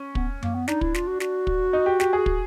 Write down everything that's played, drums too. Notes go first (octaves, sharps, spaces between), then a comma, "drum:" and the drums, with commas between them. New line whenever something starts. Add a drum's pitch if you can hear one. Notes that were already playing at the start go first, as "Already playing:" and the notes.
Already playing: C#4
B3, drum: kick
A#3, drum: tom F#2
B3
D4 D#4, drum: snare
E4, drum: kick
F4, drum: snare
F#4
F#4, drum: snare
drum: kick
D#4
G4
G4, drum: snare
G#4
drum: kick